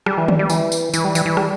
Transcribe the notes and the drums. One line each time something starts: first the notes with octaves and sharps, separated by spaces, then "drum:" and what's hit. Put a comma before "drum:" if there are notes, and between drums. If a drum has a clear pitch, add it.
G3, drum: rim click
E3
G3, drum: tom D3
G3
E3, drum: tambourine
drum: tambourine
E3, drum: tambourine
G3
E3, drum: tambourine
E3
G3, drum: rim click